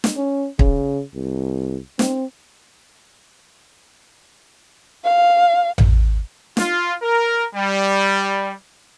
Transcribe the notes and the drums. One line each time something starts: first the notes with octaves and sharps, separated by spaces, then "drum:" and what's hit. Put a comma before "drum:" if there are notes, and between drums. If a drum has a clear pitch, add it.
drum: snare
C#4
C#3, drum: kick
C2
C4, drum: snare
F5
drum: tom A1
F4, drum: snare
A#4
G3